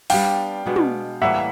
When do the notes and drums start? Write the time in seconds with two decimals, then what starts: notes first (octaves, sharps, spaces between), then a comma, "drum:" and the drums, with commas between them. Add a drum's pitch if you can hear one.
0.10 G3 B3 D4 F5 G5, drum: open hi-hat
0.66 B2 G#3 B3 D4
0.76 drum: tom
1.22 A2 E3 G3 A#3 E5 F#5